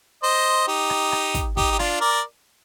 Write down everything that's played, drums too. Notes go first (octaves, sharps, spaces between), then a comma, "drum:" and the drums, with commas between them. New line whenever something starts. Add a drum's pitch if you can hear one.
C5 D#5
D#4 G4
drum: rim click
drum: rim click
drum: kick, hi-hat
D#4 G4, drum: kick
G4
D4 F4, drum: rim click
A#4 D5